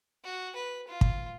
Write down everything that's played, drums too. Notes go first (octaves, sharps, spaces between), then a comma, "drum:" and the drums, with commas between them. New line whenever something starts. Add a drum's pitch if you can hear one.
F#4
B4
F4
drum: kick